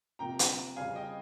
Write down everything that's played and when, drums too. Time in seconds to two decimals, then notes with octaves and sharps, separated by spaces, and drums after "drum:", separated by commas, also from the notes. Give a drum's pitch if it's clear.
0.19 F2 C3 F3 A#3 G5 A#5
0.39 drum: hi-hat
0.76 F2 C#3 G3 C4 F5 G#5
0.95 D#5 G5